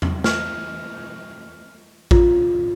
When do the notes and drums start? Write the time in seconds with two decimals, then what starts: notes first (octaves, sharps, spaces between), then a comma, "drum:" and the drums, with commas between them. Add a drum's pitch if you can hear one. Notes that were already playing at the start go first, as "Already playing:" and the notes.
0.02 drum: tom E2
0.24 F6, drum: snare
2.11 F4, drum: kick A1